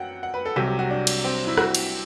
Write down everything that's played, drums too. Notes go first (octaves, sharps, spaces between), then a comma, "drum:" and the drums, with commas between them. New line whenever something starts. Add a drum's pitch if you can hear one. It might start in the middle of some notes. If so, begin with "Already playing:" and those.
Already playing: F#2 F#3 F#5 G5
F#5
B4
A4
C2 C3 F#3 G4
G4
F#4
D4
drum: cymbal
C4
E4
F#4, drum: rim click
drum: cymbal